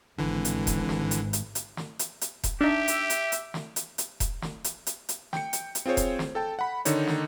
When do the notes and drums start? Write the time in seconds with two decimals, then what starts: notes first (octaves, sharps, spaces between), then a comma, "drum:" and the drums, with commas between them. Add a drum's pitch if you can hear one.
0.18 G#1 D3 E3
0.45 drum: hi-hat
0.67 drum: kick E1, hi-hat
0.89 drum: snare
1.11 drum: hi-hat
1.33 drum: hi-hat
1.55 drum: hi-hat
1.77 drum: snare
1.99 drum: hi-hat
2.21 drum: hi-hat
2.44 drum: kick E1, hi-hat
2.61 D4 D#4 G4 E5
2.88 drum: hi-hat
3.10 drum: hi-hat
3.32 drum: hi-hat
3.54 drum: snare
3.76 drum: hi-hat
3.98 drum: hi-hat
4.20 drum: kick E1, hi-hat
4.42 drum: snare
4.64 drum: hi-hat
4.87 drum: hi-hat
5.09 drum: hi-hat
5.33 G5 C#7, drum: snare
5.53 drum: hi-hat
5.75 drum: hi-hat
5.86 C4 F4 G#4 C5 C#5
5.97 drum: kick E1, hi-hat
6.19 drum: snare
6.35 A4 G5 A5
6.59 F#5 B5
6.85 D3 D#3 D#4 C#5, drum: hi-hat
7.07 drum: snare